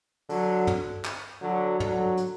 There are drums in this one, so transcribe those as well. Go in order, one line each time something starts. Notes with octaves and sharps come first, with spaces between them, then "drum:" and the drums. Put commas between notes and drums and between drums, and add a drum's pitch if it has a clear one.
D3 F#3, drum: open hi-hat
drum: tom
drum: clap
D3 F#3
D3 F#3, drum: tom
drum: hi-hat